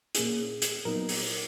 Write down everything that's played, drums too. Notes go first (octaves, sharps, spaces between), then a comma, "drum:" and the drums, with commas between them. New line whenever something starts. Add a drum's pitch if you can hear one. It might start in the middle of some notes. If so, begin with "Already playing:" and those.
A#2 A#3 C#4 E4 G#4, drum: hi-hat
drum: hi-hat
A#2 F#3 B3 D#4 A#4
drum: open hi-hat